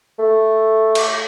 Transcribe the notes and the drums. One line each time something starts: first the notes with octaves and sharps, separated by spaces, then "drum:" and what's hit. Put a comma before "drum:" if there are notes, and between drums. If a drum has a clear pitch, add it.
A3
drum: cymbal